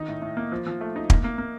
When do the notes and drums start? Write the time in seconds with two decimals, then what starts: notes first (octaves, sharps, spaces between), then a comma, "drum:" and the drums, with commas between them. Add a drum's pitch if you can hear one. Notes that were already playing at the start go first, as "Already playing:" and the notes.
Already playing: D#3 D#4
0.09 A2
0.22 A2
0.37 A#3
0.52 F3
0.67 F3
0.81 A3
0.96 D#4
1.10 A#3, drum: kick
1.24 A#3
1.38 A#3